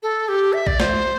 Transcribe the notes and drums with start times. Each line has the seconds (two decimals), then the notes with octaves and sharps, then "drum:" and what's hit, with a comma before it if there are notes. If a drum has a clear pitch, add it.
0.03 A4
0.28 G4
0.53 E5
0.67 D5, drum: kick A#1
0.80 C5, drum: snare